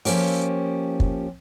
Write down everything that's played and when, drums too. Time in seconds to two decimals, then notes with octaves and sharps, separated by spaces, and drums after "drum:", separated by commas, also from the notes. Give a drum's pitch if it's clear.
0.05 F3 A#3 C#4 G4, drum: open hi-hat
1.00 drum: kick